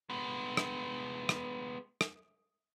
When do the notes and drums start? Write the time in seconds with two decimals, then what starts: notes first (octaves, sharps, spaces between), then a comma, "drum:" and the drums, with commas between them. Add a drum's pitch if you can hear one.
0.10 G#3 B3
0.57 drum: rim click
1.29 drum: rim click
2.01 drum: rim click